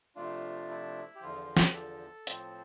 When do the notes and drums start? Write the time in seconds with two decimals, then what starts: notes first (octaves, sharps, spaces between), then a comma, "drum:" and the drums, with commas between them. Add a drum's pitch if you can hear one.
0.16 C3 F3 A3 D4 F4
0.69 E4
1.15 G4
1.21 E2 D3 F3 F4
1.40 F4
1.57 G4, drum: snare
1.74 A4
2.27 A2 F3 C4, drum: hi-hat